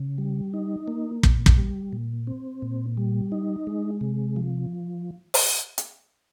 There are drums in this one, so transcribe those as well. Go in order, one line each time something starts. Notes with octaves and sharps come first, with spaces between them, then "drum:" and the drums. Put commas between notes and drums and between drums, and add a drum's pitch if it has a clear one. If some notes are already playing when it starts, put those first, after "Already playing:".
Already playing: C#3
G3
D#4
A#3
A#2, drum: kick
drum: kick
G3
A#2
C4
A#2
G3
D#4
G#3
C3
F3
drum: open hi-hat
drum: hi-hat